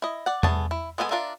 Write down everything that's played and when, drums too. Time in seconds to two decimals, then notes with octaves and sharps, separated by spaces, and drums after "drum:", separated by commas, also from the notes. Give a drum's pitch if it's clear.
0.02 E4 D#5
0.26 D5 F#5
0.43 A3 B3 G#4 A5, drum: tom E2
0.71 E4
0.98 G#3 B3 A4 A#4 G#5
1.11 D4 F4 A#4 E5